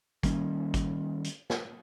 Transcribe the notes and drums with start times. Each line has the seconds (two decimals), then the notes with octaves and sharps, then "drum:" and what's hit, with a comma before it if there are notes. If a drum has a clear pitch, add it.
0.23 D#3 G3 A#3 C#4, drum: kick G#1, hi-hat
0.74 drum: kick G#1, hi-hat
1.24 drum: hi-hat
1.50 drum: snare